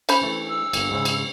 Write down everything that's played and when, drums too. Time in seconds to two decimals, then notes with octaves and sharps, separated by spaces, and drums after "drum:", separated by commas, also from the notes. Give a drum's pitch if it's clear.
0.09 C#4 C5 B5, drum: cymbal
0.22 E3 A3
0.48 E6
0.73 G1 A#3, drum: cymbal
0.91 G#2 C#3
1.05 drum: cymbal